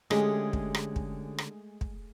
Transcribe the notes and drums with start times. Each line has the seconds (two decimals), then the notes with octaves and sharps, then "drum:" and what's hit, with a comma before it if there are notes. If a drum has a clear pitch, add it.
0.11 D3 G#3 A3 C#4 G4 G#4, drum: rim click
0.53 drum: kick
0.75 drum: rim click
0.96 drum: kick
1.38 drum: rim click
1.81 drum: kick